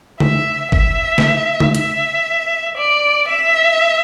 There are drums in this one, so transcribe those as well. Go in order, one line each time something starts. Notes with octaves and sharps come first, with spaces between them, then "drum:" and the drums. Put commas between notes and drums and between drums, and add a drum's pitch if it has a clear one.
E5, drum: tom C#3
E5, drum: kick
drum: snare
drum: tom C#3
E5, drum: hi-hat
D5
E5